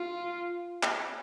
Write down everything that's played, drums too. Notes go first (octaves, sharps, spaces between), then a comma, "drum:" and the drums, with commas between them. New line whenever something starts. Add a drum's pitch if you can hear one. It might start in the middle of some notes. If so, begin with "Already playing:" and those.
Already playing: F4
drum: clap